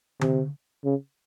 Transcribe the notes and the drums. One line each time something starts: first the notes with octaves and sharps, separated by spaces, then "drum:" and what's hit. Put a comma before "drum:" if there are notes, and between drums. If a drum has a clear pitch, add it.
C3, drum: tom D3
C#3